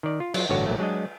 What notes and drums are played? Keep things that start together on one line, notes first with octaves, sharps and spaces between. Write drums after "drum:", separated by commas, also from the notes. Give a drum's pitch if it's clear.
D#3 D5
F4
F#3 F4, drum: cymbal
A1 G2 D3 F#4 C#5
A#1 F#3 A3
F#3 G#3 D4 D#5